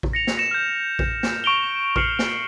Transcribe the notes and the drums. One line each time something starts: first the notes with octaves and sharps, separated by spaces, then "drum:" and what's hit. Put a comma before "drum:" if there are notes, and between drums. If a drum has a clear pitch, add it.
drum: kick A#1
A#6 C#7 F7
drum: snare
A#6 C#7 E7
F6 G6
drum: kick A#1
drum: snare
C#6 D7 F7 G7
C#6 F6 C7 C#7 F#7, drum: kick A#1
drum: snare